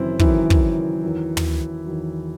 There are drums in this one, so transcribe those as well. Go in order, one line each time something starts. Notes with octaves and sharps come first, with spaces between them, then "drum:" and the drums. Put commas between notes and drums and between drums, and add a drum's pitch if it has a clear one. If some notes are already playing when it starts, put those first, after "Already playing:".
Already playing: F#1 F#2 D#3 E3 F#3 C4 E4
F#1 F#2 D#3 E3 F#3 E4, drum: kick
drum: kick
E2 D#3 F#3
drum: tom
E2 D#3 F#3